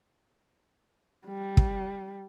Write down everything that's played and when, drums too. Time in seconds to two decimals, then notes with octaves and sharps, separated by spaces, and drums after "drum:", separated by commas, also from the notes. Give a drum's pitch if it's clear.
1.26 G3
1.57 drum: kick